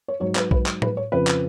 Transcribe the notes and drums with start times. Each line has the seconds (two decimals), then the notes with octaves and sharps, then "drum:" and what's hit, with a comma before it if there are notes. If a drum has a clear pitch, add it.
0.08 C#5
0.20 G#2 F#3 C#5
0.35 B4, drum: clap
0.51 B4, drum: kick A#1
0.66 drum: clap
0.82 B4, drum: tom A2
0.97 C#5
1.12 F2 C#3 F3 B4
1.27 drum: clap